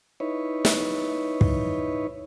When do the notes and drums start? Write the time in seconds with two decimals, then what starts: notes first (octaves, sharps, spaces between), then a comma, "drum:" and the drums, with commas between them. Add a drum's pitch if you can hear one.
0.20 D#4 E4 B4 C#5
0.65 drum: snare
1.41 drum: kick